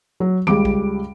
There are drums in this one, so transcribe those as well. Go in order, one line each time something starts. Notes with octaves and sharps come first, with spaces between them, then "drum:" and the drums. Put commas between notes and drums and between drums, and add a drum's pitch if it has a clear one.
F#3
C#2 G3 D6 D7, drum: tom D#3
drum: kick